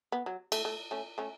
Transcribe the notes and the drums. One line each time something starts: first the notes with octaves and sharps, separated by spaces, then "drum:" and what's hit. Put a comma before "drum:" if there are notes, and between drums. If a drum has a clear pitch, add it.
B3
F#3
A3, drum: cymbal
A3
A3 C#4
A3 C#4